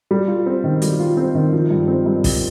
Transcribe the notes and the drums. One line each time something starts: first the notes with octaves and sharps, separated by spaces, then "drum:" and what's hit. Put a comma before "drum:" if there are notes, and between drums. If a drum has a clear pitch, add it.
G3
F4
C4
D#3
G3, drum: hi-hat
F4
C4
D#3
F3
G2
C4
G2
F3, drum: kick, open hi-hat